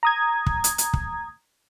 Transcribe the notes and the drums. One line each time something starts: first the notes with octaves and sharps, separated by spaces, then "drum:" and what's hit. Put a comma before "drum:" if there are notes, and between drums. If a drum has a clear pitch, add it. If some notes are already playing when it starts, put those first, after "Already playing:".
A#5 D#6 G#6
drum: kick
drum: hi-hat
drum: hi-hat
drum: kick